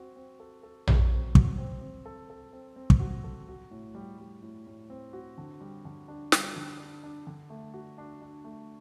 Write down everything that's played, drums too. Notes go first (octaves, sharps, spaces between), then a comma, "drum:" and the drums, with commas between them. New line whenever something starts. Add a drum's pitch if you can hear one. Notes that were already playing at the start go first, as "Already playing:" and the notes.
Already playing: C4 F#4
C4
A4
A4
F#3, drum: tom A#1
C4
F#4, drum: kick
C4
C4
A4
A4
C4
C4
drum: kick
F#4
A4
F#4
A2
G3
G3
A2
A2
C4
F#4
D3
G3
D3
D4
G3, drum: snare
D3
D4
D4
D3
A3
F#4
D4
D4
A3